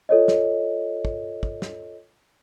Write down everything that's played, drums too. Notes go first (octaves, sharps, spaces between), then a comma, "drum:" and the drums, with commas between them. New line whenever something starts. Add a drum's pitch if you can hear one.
F4 A4 C#5 D#5
drum: snare
drum: kick
drum: kick
drum: snare